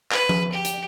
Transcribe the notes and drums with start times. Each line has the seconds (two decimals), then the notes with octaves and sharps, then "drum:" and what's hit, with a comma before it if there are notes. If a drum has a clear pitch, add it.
0.12 B4, drum: clap
0.29 drum: tom F3
0.52 G4
0.65 drum: hi-hat